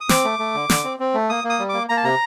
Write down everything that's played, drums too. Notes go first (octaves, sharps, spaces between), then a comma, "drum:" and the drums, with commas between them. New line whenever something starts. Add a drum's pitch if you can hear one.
D#6
C4 D6, drum: snare
A3
A3
D3
D3, drum: snare
C4
C4
A3
A#3 D#6
A#3
D#6
G3
A#3 D6
A#3 A#5
A5
C3 A#5